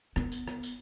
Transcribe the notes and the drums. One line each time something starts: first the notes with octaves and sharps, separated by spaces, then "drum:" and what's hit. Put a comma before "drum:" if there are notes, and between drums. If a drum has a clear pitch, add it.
B3, drum: rim click
drum: tambourine
drum: rim click
drum: tambourine